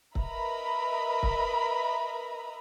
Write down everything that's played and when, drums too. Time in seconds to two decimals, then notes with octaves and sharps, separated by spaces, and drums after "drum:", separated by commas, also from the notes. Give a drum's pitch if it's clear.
0.15 A#4 B4 D#5 E5 A#5 B5, drum: kick
1.23 drum: kick